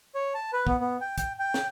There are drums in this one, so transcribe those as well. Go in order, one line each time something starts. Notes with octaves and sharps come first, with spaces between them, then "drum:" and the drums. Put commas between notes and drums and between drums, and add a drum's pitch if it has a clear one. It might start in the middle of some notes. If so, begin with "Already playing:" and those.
C#5
A5
B4
B3, drum: kick
B3
G5
G5, drum: kick, hi-hat
G5
drum: snare